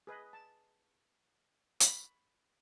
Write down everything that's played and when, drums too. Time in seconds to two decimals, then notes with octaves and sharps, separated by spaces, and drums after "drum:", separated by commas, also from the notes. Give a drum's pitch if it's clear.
0.07 G#4 B4 D#5
0.33 A5
1.80 B5 C#6, drum: hi-hat